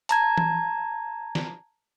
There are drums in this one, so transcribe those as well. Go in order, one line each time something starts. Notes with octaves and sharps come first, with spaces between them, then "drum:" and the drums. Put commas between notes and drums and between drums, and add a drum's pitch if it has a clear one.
A5 A#5 G#6, drum: hi-hat
drum: tom E3
drum: snare